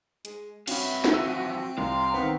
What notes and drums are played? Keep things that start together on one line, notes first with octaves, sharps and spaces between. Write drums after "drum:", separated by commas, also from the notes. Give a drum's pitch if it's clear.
G#3, drum: hi-hat
C4 C#4 F#4 B4 E5 F5, drum: cymbal
drum: snare
E3 F3 E6 D#7
C2 F5 A#5 C6
D#3 B3 C4